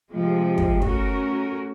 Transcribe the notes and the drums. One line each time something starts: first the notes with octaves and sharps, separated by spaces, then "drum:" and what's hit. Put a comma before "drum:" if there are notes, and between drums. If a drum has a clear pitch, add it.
C3 F3 G#3
drum: kick
A3 C#4 F#4 A#4, drum: kick